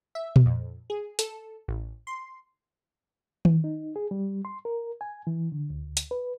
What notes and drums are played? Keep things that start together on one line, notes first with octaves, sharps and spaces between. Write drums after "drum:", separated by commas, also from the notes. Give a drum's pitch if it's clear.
E5
drum: tom A#2
F2
G#4
A4, drum: hi-hat
A1
C6
drum: tom D#3
D#4
G#4
G3
C6
A#4
G#5
E3
D3
D2
drum: hi-hat
B4